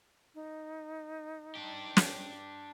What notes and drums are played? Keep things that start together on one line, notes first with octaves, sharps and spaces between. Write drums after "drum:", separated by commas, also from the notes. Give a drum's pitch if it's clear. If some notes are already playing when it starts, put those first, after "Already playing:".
D#4
D4 G4
drum: snare